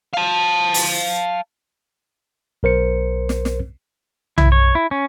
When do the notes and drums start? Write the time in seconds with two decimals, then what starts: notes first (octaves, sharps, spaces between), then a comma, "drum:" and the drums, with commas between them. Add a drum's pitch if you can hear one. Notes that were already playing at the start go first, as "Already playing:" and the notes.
0.13 F5 A5
0.74 drum: open hi-hat
2.63 B1 A#4 C5 C#7
3.29 drum: snare
3.45 drum: snare
4.38 E4, drum: tom B1
4.52 C#5
4.75 E4
4.91 C#4